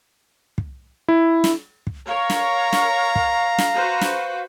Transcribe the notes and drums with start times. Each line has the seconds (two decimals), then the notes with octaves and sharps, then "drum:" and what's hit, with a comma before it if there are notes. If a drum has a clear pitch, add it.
0.58 drum: kick
1.08 E4
1.44 drum: snare
1.87 drum: kick
2.08 A#4 C#5 F5 A#5
2.30 drum: snare
2.73 drum: snare
3.16 drum: kick
3.58 drum: snare
3.75 F#4 B4 C5
4.01 drum: snare